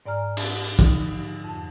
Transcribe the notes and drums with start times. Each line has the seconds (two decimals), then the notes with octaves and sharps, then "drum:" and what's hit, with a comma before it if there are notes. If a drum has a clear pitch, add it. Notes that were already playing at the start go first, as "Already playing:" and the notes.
0.06 G#2 D5 G#5 A#5 F6
0.37 drum: cymbal
0.79 D3 F3 D#4, drum: kick
1.44 F2 A5